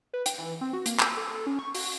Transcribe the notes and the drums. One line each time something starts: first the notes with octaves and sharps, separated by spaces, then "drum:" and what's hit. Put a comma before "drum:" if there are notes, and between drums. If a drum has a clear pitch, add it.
B4
G5, drum: hi-hat
E3
C4
F#4
A#3, drum: hi-hat
E6, drum: clap
A4
A4
C#4
C#6
F#4, drum: open hi-hat